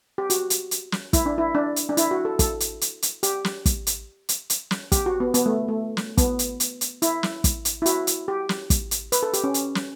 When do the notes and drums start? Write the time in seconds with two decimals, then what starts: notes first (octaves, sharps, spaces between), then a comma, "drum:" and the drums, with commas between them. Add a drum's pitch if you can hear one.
0.18 G4
0.30 F#4, drum: hi-hat
0.50 drum: hi-hat
0.71 drum: hi-hat
0.92 drum: snare
1.13 E4, drum: kick, hi-hat
1.26 D4
1.38 E4
1.55 D4
1.76 drum: hi-hat
1.89 D4
1.97 E4, drum: hi-hat
2.11 F#4
2.25 A4
2.39 A4, drum: kick, hi-hat
2.60 drum: hi-hat
2.81 drum: hi-hat
3.02 drum: hi-hat
3.23 G4, drum: hi-hat
3.45 drum: snare
3.66 drum: kick, hi-hat
3.87 drum: hi-hat
4.29 drum: hi-hat
4.50 drum: hi-hat
4.71 drum: snare
4.92 G4, drum: kick, hi-hat
5.06 F#4
5.20 B3
5.34 B3, drum: hi-hat
5.46 A3
5.68 A3
5.97 drum: snare
6.18 B3, drum: kick, hi-hat
6.39 drum: hi-hat
6.60 drum: hi-hat
6.81 drum: hi-hat
7.02 E4, drum: hi-hat
7.23 drum: snare
7.44 drum: kick, hi-hat
7.65 drum: hi-hat
7.82 E4
7.86 F#4, drum: hi-hat
8.07 drum: hi-hat
8.28 G4
8.49 drum: snare
8.70 drum: kick, hi-hat
8.91 drum: hi-hat
9.12 B4, drum: hi-hat
9.23 A4
9.33 G4, drum: hi-hat
9.44 C#4
9.54 drum: hi-hat
9.75 drum: snare